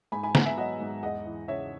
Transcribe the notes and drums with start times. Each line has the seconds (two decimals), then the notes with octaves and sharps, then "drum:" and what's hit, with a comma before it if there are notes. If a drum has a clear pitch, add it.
0.12 G#2 G#5 B5
0.23 G#5 B5
0.35 B3 F#5 A#5, drum: snare
0.46 E5 G#5
0.57 F#3 D#5 F#5
0.80 G#2
1.03 E2 D#5 F#5
1.25 E3
1.48 C#3 C#5 E5